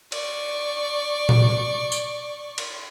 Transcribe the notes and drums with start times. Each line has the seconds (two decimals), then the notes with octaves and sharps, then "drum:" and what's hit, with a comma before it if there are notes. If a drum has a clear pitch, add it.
0.12 D5 C#6, drum: cymbal
1.29 drum: tom A#2
1.92 drum: tambourine
2.58 drum: cymbal